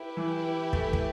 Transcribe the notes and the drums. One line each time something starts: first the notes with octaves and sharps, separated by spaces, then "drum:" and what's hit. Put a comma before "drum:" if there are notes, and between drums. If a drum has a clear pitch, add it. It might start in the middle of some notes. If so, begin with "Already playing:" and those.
Already playing: E4 G4 B4
E3
A3, drum: kick
drum: kick